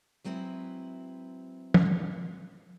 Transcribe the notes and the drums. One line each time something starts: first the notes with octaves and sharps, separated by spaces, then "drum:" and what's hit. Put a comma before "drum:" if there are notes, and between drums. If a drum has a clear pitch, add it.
F#3 G#3 C4 E4 B4
drum: tom